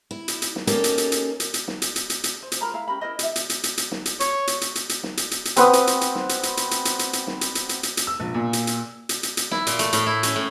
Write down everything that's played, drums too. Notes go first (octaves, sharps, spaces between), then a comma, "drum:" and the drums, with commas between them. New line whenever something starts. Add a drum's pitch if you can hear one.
E4
drum: hi-hat
drum: hi-hat
drum: snare
A#3 C#4 D#4 G4 A4 A#4, drum: hi-hat
drum: hi-hat
drum: hi-hat
drum: hi-hat
drum: hi-hat
drum: hi-hat
drum: snare
drum: hi-hat
drum: hi-hat
drum: hi-hat
drum: hi-hat
C5
drum: hi-hat
F4 A#4 A#5 B5
E4 F5 A#5
C#4 G4 A#4 B5
E4 A#4 C5 D#5
E4 E5, drum: hi-hat
drum: hi-hat
drum: hi-hat
drum: hi-hat
drum: hi-hat
drum: snare
drum: hi-hat
C#5, drum: hi-hat
drum: hi-hat
drum: hi-hat
drum: hi-hat
drum: hi-hat
drum: snare
drum: hi-hat
drum: hi-hat
drum: hi-hat
C4 B4 F#5 D#6, drum: hi-hat
drum: hi-hat
drum: hi-hat
drum: hi-hat
drum: snare
drum: hi-hat
drum: hi-hat
drum: hi-hat
drum: hi-hat
drum: hi-hat
drum: hi-hat
drum: hi-hat
drum: snare
drum: hi-hat
drum: hi-hat
drum: hi-hat
drum: hi-hat
drum: hi-hat
E6
A#1
A#2
drum: hi-hat
drum: hi-hat
drum: hi-hat
drum: hi-hat
drum: hi-hat
E4, drum: snare
A#2, drum: hi-hat
A3, drum: hi-hat
A2, drum: hi-hat
E4
C#4, drum: hi-hat
A2